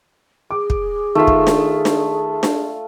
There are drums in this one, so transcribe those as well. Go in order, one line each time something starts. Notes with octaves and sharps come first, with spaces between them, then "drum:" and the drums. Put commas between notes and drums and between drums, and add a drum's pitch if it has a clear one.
G#4 D6
drum: kick
D#3 A3 F4 E5
drum: kick
drum: snare D4
drum: snare D4
drum: snare D4